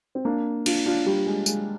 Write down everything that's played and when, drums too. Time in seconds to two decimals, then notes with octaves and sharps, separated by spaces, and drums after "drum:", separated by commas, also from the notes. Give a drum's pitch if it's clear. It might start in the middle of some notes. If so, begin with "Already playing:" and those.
0.15 C4
0.25 A#3 D4
0.66 D4 F4, drum: cymbal
0.86 D4 F4
1.06 G3
1.26 G#3
1.46 G#3, drum: tambourine